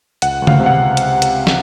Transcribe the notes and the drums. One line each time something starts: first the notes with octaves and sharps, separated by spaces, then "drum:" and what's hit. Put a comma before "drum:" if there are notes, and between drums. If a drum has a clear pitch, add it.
C#2 F#5, drum: hi-hat
C#2
F5, drum: tom C#3
C3
F#5
drum: hi-hat
drum: hi-hat
drum: snare